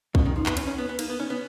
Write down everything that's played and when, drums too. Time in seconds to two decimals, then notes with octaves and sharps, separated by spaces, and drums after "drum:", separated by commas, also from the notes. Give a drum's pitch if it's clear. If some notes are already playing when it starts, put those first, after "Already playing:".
0.15 B2 C#4, drum: kick B1
0.25 D#3
0.36 F3 D#4
0.46 B3, drum: clap
0.57 C#4, drum: cymbal
0.67 C#4
0.78 B3
0.89 B3
0.99 A#3 D#4, drum: cymbal
1.09 B3
1.19 C#4 D#4
1.30 B3